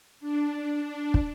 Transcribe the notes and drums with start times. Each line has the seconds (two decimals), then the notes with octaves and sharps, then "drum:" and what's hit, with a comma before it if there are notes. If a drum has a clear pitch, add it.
0.20 D4
0.82 D4
1.14 drum: kick